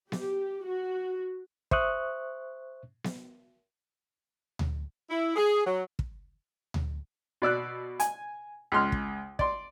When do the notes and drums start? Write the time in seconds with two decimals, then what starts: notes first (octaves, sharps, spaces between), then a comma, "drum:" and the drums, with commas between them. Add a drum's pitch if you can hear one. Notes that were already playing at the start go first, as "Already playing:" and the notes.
0.12 G4, drum: snare B3
0.65 F#4
1.71 C5 E5 C#6 D#6 F#6, drum: kick
3.04 drum: snare B3
4.59 drum: tom D2
5.09 E4
5.36 G#4
5.65 F#3
5.99 drum: kick
6.74 drum: tom D2
7.42 B2 D5 E6 F#6
8.00 G#5, drum: hi-hat
8.72 C#2 G#3 C6 F6
8.92 drum: kick
9.39 D5 C6, drum: kick